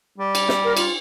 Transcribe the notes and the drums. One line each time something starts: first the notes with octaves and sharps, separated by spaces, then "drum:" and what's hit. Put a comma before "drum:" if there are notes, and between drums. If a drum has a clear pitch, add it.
G3
drum: cymbal
drum: snare
A#4
F4, drum: cymbal